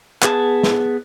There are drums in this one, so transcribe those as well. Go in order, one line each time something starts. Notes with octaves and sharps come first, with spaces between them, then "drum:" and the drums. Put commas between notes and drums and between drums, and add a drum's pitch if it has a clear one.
B3 G#4 A5, drum: clap
drum: snare